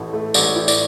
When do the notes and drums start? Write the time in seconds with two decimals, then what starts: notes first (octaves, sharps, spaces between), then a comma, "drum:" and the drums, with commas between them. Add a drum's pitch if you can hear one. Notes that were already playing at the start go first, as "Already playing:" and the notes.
Already playing: A1 A2 A4
0.13 A3
0.34 A1 D5, drum: tambourine
0.56 A2
0.68 D5, drum: tambourine